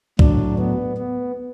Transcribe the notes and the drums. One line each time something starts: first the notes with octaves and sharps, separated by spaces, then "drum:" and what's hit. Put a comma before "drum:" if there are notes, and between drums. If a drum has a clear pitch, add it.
A2 F#3 D4, drum: kick C2
B3
B3